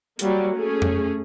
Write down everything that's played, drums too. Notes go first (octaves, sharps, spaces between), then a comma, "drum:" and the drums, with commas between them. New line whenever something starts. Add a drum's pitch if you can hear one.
F#3 G3 A#3, drum: hi-hat
A3 C#4 G#4
drum: tom F2